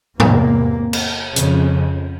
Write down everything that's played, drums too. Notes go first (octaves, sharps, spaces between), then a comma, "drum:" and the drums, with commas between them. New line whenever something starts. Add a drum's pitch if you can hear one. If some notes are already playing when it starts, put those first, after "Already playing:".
E2 C3 A#3, drum: tom
drum: cymbal
F2 C#3, drum: hi-hat